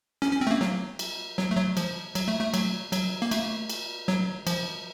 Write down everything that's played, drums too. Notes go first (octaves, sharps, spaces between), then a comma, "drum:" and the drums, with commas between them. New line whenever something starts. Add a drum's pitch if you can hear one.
C#4, drum: snare
C#4
C4
A3
A#3
F#3, drum: snare
drum: cymbal
F#3, drum: snare
A3
F#3
F3, drum: cymbal
F#3, drum: cymbal
A3
A3
F#3, drum: cymbal
F#3, drum: cymbal
A#3
A3, drum: cymbal
drum: cymbal
F#3, drum: snare
F3, drum: cymbal